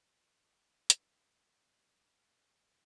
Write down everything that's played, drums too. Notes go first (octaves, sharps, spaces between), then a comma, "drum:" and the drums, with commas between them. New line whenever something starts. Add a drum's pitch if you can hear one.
D3 E3 G3 B3, drum: hi-hat
G3 C4 D4 D#4